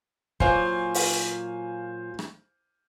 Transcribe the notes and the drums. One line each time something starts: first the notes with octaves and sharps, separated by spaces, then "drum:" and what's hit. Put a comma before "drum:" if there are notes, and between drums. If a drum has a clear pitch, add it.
A#2 F#3 C5 F5 G#5, drum: kick
drum: open hi-hat
drum: rim click